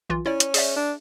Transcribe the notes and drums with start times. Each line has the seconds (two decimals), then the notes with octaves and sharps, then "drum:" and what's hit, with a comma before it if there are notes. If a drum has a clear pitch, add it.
0.10 B1 E3 F4
0.26 C#4 E4 D5
0.40 drum: hi-hat
0.54 G#4 D5 E5, drum: open hi-hat
0.76 D4